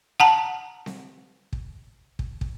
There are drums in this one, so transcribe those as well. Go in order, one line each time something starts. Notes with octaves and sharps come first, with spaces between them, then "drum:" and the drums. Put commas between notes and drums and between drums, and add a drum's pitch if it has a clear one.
F#5 A5 A#5
drum: snare C4
drum: kick
drum: kick
drum: kick